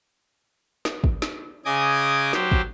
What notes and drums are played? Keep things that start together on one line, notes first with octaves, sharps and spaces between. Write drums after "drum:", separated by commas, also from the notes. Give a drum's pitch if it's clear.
drum: snare
drum: kick
drum: snare
C#3 D#5 G#5 D6 D#6
F#3 G4 C5, drum: snare
drum: kick